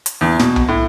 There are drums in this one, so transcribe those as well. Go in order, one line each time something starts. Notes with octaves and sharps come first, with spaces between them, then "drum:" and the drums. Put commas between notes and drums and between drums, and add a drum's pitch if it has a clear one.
drum: hi-hat
E2
B2, drum: snare
drum: tom B1
A2